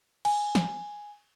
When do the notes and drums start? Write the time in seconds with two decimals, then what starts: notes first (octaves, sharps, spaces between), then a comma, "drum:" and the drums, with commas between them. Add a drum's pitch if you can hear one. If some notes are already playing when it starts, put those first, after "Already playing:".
0.25 G#5, drum: cymbal
0.55 drum: snare